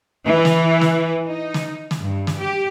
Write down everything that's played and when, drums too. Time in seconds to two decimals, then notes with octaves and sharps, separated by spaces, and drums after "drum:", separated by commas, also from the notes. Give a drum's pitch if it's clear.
0.27 E3
0.45 drum: snare
0.81 drum: snare
1.25 D#4
1.54 drum: snare
1.91 drum: snare
2.00 G2
2.27 drum: snare
2.39 G4